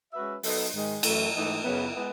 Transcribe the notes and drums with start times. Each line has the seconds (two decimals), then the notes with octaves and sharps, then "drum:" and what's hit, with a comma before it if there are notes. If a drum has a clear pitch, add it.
0.12 G#3 C#4 F#4 B4 E5
0.43 F#3 B3 D#4 A4, drum: open hi-hat
0.73 G#2 D#3 G#3
1.03 F#2 E3 A3, drum: cymbal
1.34 G#2 E3 A3 D#4
1.64 F#2 C#3 F#3 B3
1.95 G#3 B3